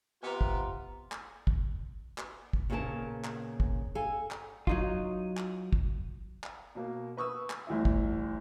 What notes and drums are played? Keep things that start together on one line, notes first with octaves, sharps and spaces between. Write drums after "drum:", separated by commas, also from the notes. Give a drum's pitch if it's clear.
C3 B3 F4 G#5 A#5
drum: kick
drum: clap
drum: kick
drum: clap
drum: kick
A#2 C#3 B3 G#4 A#4 A5
drum: clap
drum: kick
A4 F5 G#5
drum: clap
F#3 D#4 F4, drum: kick
drum: clap
drum: kick
drum: clap
B2 A#3
B4 C#6 D#6 E6
drum: clap
G1 D2 E3 E4
drum: kick